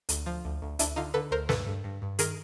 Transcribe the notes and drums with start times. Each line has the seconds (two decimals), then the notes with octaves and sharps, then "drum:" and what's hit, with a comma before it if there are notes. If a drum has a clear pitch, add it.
0.09 D2, drum: hi-hat
0.26 F3
0.45 D2
0.62 D2
0.79 D2 D4 E4, drum: hi-hat
0.96 D3 D#4 F4
1.14 D3 A4 B4
1.31 D2 A#4 C5
1.49 G2 A4 B4, drum: snare
1.67 G2
1.84 G2
2.02 G2
2.19 D#3 G#4 A#4, drum: hi-hat